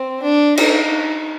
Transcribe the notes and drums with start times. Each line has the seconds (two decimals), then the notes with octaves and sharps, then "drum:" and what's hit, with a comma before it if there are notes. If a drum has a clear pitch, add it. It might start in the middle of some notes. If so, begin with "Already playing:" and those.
Already playing: C4
0.22 D4
0.57 D#4, drum: cymbal